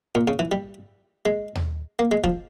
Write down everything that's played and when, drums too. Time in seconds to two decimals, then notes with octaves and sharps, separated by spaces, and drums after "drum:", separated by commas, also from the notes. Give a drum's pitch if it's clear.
0.15 A#2
0.28 C#3
0.39 E3
0.52 G3
1.26 G#3
1.55 drum: tom D#2
1.99 A#3
2.11 G#3
2.24 F3, drum: kick